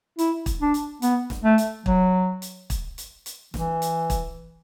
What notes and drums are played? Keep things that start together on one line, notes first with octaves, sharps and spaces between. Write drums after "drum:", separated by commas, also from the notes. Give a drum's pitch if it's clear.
E4, drum: hi-hat
drum: kick, hi-hat
D4
drum: hi-hat
B3, drum: hi-hat
drum: snare E1
A3
drum: hi-hat
F#3, drum: kick
drum: hi-hat
drum: kick, hi-hat
drum: hi-hat
drum: hi-hat
E3, drum: snare E1
drum: hi-hat
drum: kick, hi-hat